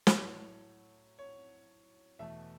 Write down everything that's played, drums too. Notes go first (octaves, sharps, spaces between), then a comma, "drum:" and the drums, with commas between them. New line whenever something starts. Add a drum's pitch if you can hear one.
drum: snare
A2 F#3 A3 C#5
C#5
E2 B2 A3 E5